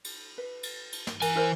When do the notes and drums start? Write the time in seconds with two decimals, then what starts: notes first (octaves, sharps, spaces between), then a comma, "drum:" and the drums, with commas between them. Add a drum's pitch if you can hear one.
0.04 drum: cymbal
0.38 B4
0.63 drum: cymbal
0.92 drum: cymbal
1.07 drum: snare
1.22 E3 A#4 G#5, drum: cymbal
1.35 E4 A#4 C5